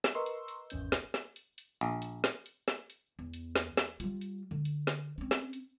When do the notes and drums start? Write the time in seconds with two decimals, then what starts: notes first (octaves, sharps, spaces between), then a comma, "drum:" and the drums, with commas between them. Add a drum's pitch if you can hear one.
0.04 drum: snare
0.15 A#4 B4 D#5 C6 C#6 E6
0.26 drum: hi-hat
0.48 drum: hi-hat
0.70 G#1 E2 C#4 G6, drum: hi-hat
0.92 drum: snare
1.14 drum: snare
1.36 drum: hi-hat
1.58 drum: hi-hat
1.81 A#1
2.02 drum: hi-hat
2.24 drum: snare
2.46 drum: hi-hat
2.68 drum: snare
2.90 drum: hi-hat
3.19 E2
3.34 drum: hi-hat
3.56 drum: snare
3.77 drum: snare
4.00 G3 F4, drum: hi-hat
4.21 drum: hi-hat
4.51 D3
4.65 drum: hi-hat
4.87 drum: snare
5.18 C4 C#4
5.31 drum: snare
5.53 drum: hi-hat